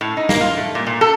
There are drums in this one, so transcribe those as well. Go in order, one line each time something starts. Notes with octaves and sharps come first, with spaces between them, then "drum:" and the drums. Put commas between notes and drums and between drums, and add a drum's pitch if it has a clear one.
A2
D#4
A#3, drum: snare
F4
A3
A#2
A#2
A4